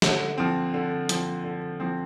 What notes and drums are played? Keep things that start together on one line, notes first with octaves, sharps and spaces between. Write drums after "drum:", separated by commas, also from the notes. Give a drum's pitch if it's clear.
D3, drum: snare
F3 C4
D3
F3 C4, drum: hi-hat
D3
F3 C4